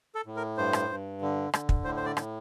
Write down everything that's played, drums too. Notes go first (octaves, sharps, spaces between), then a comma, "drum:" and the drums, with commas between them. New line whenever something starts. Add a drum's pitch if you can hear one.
A4
A2
A#4
G2 C5
drum: rim click
G2
D3
D3, drum: rim click
drum: kick
A2 C5
C5
D5
A2, drum: rim click